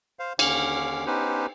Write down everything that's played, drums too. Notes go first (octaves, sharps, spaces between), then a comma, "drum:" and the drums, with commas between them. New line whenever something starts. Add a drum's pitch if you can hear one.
C5 F5
D#2 D3 C#4 F5 D6, drum: cymbal
B3 C#4 D#4 G4 B4 C5